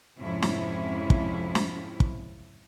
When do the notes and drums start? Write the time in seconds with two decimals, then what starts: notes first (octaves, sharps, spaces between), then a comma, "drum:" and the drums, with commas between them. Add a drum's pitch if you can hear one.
0.20 F2 G#2 C3 C#4 E4
0.42 drum: snare
1.10 drum: kick
1.55 drum: snare
2.00 drum: kick